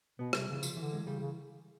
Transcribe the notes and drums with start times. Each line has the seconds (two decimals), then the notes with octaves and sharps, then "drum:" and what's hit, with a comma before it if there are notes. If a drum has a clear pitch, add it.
0.19 B2 B3
0.33 C3 G3, drum: rim click
0.48 C#3 E3
0.63 F3, drum: tambourine
0.77 D3 E3
0.93 G#3
1.06 C#3 G3
1.20 C#3